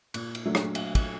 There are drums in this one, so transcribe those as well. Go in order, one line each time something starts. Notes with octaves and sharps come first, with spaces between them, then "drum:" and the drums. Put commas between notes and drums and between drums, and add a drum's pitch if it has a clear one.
A#2, drum: cymbal
drum: cymbal
F#3 A3 D4
drum: rim click
drum: cymbal
drum: kick, cymbal